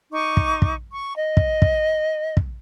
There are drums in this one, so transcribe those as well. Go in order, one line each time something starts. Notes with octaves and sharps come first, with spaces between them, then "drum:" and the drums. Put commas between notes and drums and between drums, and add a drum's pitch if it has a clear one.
D#4 C#6 D6
drum: kick
drum: kick
C#6
D#5
drum: kick
drum: kick
drum: kick